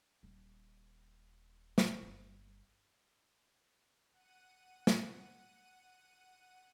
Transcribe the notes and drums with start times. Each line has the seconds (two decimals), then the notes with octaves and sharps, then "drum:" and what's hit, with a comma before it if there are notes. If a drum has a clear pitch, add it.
0.23 D#1
1.78 drum: snare
2.02 D1 G1
4.12 F#5 D#7
4.87 drum: snare